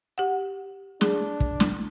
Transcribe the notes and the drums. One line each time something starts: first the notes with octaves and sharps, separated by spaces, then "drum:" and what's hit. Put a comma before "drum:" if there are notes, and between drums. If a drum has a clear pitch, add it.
G4 F#5
D4 G#4, drum: snare
drum: kick
drum: snare